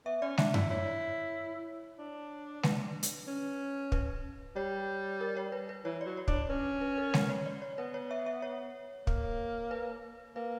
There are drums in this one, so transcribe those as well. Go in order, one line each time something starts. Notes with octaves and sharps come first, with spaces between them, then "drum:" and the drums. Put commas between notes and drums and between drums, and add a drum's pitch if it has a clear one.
B3 E5
C#4 D5
D4 E5, drum: snare G#3
E4 D5, drum: tom F#2
E4 C#5
D4
B4, drum: snare G#3
drum: hi-hat
C#4
B4, drum: kick
G3 C#5
A#4
C#5
B4
B4
E3 C#5
F#3 D5
C#5
D4, drum: kick
C#5
C#4 B4
B4
A#4
B4, drum: snare G#3
C#5
D5
C#5
B3 B4
C#5
E5
E5
C#5
A#3, drum: kick
B4
A#3 B4